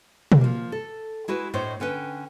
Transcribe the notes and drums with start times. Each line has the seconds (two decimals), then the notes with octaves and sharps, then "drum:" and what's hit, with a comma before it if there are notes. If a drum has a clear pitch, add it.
0.32 drum: tom B2
0.41 F3 A#3
0.72 A4
1.28 G#3 E4 F#4 B4
1.54 A2 A3 D4 C5 C#5 D#5
1.80 D3 C#4 B4 G5